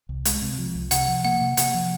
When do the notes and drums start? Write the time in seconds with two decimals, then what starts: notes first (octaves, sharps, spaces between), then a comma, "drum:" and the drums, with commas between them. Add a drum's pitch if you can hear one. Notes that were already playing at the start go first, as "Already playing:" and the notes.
0.09 C2
0.25 G#3, drum: hi-hat
0.42 C3
0.58 F3
0.75 C2
0.91 C3 F#5, drum: hi-hat
1.08 F3
1.25 A#3 F#5
1.41 C3
1.57 C3 F#5, drum: hi-hat
1.74 F3